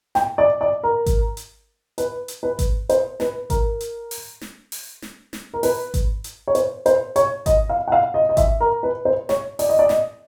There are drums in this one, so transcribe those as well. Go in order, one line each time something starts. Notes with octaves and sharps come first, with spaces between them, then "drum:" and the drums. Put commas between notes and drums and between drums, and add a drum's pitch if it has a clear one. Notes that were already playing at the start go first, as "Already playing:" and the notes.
G5, drum: snare
D5
D5
A#4
drum: kick G#1, hi-hat
drum: hi-hat
B4, drum: hi-hat
drum: hi-hat
B4
drum: kick G#1, hi-hat
C5, drum: hi-hat
B4, drum: snare
A#4, drum: kick G#1, hi-hat
drum: hi-hat
drum: open hi-hat
drum: snare
drum: open hi-hat
drum: snare
drum: snare
A#4
B4, drum: open hi-hat
drum: kick G#1, hi-hat
drum: hi-hat
C#5
C5, drum: hi-hat
C5, drum: hi-hat
C#5, drum: hi-hat
D#5, drum: kick G#1, hi-hat
F5
F#5
F5
D#5
D#5
E5, drum: kick G#1, hi-hat
A#4
B4
C5
C#5, drum: snare
D5, drum: open hi-hat
D#5
D5
D#5, drum: snare